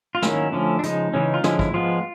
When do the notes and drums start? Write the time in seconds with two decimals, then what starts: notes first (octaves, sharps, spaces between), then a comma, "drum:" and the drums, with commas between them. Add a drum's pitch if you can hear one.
0.15 F4
0.22 D#3 F#3 A#3 C#4 E4, drum: snare
0.53 D3 F3 A3 C#4
0.79 D4
0.83 C#3 F3 G#3 D#4, drum: hi-hat
1.14 C#3 E3 G#3 C#4
1.34 F4
1.44 D3 F3 G#3 C#4 E4, drum: snare
1.59 E4, drum: kick
1.74 F3 G#3 B3 F4